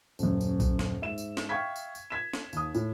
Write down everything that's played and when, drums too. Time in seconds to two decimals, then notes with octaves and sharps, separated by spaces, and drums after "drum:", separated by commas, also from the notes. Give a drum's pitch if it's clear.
0.19 D#1 F#2, drum: tambourine
0.41 drum: tambourine
0.60 drum: kick, tambourine
0.79 drum: snare
1.01 G#2 E5 E7
1.18 drum: tambourine
1.37 drum: snare
1.49 E5 F5 G5 C#6 G#6 B6
1.76 drum: tambourine
1.95 drum: tambourine
2.10 G#6 B6 E7
2.33 drum: snare
2.53 D#2 D#6, drum: tambourine
2.75 A2, drum: tambourine